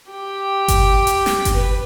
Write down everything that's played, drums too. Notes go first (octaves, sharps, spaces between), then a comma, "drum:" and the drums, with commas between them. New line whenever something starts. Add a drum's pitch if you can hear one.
G4
drum: kick G1, hi-hat
drum: hi-hat
drum: snare
drum: kick G1, hi-hat
B4